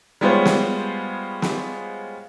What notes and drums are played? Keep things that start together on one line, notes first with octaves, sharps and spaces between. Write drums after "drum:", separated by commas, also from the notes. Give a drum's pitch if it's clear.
G3 G#3 B3 F4 C5 C#5
drum: snare
drum: snare